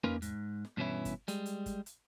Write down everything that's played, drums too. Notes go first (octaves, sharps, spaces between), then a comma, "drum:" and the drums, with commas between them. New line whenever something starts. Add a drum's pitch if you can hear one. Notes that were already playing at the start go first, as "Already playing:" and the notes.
A#3 C#4 D#4 F4 A#4 B4, drum: tom E2
G#2, drum: hi-hat
drum: snare
G2 B2 E3 C#4 E4
drum: kick G1, hi-hat
G3 G#3, drum: hi-hat
drum: hi-hat
drum: kick G1, hi-hat
drum: hi-hat